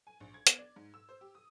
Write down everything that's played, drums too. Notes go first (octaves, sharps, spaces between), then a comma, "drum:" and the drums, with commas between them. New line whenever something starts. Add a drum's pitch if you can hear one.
G#5
A#1
G#6
B3, drum: hi-hat
D5
G#2
E6
C5
G4
D#6